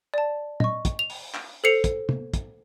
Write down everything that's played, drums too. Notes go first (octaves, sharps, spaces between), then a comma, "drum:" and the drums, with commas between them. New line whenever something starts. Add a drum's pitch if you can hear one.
D5 A5
D#5 C#6, drum: tom
drum: kick, hi-hat
F7
drum: open hi-hat
drum: clap
A4 C5 C7 C#7 F7
drum: kick, hi-hat
drum: tom
drum: kick, hi-hat